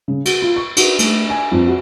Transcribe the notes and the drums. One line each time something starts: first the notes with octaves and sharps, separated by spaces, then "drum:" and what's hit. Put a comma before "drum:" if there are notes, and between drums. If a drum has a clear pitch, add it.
C#3
F#4, drum: cymbal
F4
C#6
F#4, drum: cymbal
A3, drum: cymbal
G#5
F2
F#4